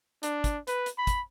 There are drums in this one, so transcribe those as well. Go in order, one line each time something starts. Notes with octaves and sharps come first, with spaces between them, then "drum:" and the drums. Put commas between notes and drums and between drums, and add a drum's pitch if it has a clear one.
D4, drum: hi-hat
drum: kick, hi-hat
B4, drum: hi-hat
drum: hi-hat
B5
drum: kick, hi-hat